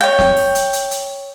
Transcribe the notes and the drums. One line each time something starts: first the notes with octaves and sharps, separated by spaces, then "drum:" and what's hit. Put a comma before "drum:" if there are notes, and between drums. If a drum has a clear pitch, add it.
C#5 G5
drum: snare
drum: open hi-hat
drum: hi-hat
drum: hi-hat
drum: hi-hat